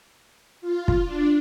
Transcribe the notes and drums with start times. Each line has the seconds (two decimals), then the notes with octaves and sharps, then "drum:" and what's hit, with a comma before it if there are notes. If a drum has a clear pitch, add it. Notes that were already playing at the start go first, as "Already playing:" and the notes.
0.61 F4
0.88 drum: kick
1.05 D4